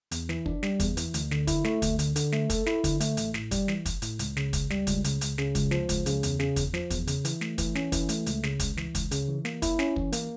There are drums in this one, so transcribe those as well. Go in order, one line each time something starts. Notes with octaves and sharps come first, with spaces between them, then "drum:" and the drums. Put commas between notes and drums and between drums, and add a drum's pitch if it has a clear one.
E2, drum: hi-hat
E3, drum: snare
D4, drum: kick
G3, drum: snare
E2, drum: kick, hi-hat
E3, drum: hi-hat
D2, drum: hi-hat
D3, drum: snare
E4, drum: kick, hi-hat
A3, drum: snare
D2, drum: kick, hi-hat
D3, drum: hi-hat
D3, drum: hi-hat
A3, drum: snare
A4, drum: kick, hi-hat
E4, drum: snare
D3, drum: kick, hi-hat
A3, drum: hi-hat
A1, drum: hi-hat
A2, drum: snare
G3, drum: kick, hi-hat
E3, drum: snare
A1, drum: kick, hi-hat
A2, drum: hi-hat
C#2, drum: hi-hat
C#3, drum: snare
C#2, drum: kick, hi-hat
G3, drum: snare
C#2, drum: kick, hi-hat
C#3, drum: hi-hat
C#2, drum: hi-hat
C#3, drum: snare
C#2, drum: kick, hi-hat
F3, drum: snare
C#2, drum: kick, hi-hat
C#3, drum: hi-hat
E2, drum: hi-hat
C#3, drum: snare
E2, drum: kick, hi-hat
F3, drum: snare
E2, drum: kick, hi-hat
C#3, drum: hi-hat
E3, drum: hi-hat
A3, drum: snare
E3, drum: kick, hi-hat
C#4, drum: snare
E3, drum: kick, hi-hat
A3, drum: hi-hat
C#2, drum: hi-hat
C#3, drum: snare
C#2, drum: kick, hi-hat
E3, drum: snare
C#2, drum: kick, hi-hat
C#3, drum: hi-hat
E3
A#3, drum: snare
E4, drum: kick, hi-hat
C#4, drum: snare
E3, drum: kick
A#3, drum: hi-hat